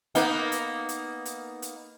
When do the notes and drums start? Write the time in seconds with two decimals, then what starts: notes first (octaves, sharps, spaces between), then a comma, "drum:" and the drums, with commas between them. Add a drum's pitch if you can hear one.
0.15 A#3 B3 D#4, drum: hi-hat
0.52 drum: hi-hat
0.89 drum: hi-hat
1.25 drum: hi-hat
1.62 drum: hi-hat